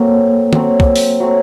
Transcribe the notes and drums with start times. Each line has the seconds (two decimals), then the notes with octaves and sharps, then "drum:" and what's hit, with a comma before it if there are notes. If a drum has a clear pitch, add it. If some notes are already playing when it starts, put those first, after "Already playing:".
Already playing: F#3 A3 A#3 C4
0.53 F#3 A3 C4, drum: tom D#3
0.80 drum: kick
0.96 drum: open hi-hat
1.20 F#3 A3 C4